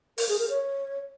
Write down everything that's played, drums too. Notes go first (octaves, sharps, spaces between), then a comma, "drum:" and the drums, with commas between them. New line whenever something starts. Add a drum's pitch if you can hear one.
A#4, drum: open hi-hat
G#4
A#4
C#5